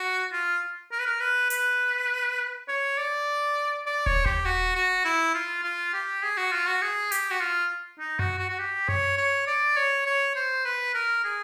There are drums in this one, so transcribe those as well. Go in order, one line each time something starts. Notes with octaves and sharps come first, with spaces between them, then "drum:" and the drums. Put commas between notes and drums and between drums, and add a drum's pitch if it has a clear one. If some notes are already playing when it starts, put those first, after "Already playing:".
Already playing: F#4
F4
A#4
B4
A#4
B4
B4, drum: hi-hat
C#5
D5
D5
C#5, drum: kick
G4, drum: kick
F#4
F#4
E4
F4
F4
G4
G#4
F#4
F4
F#4
G#4
G4, drum: hi-hat
F#4
F4
D#4
F#4, drum: tom F#2
F#4
F#4
G4
C#5, drum: tom F#2
C#5
D5
C#5
C#5
C5
B4
A#4
G#4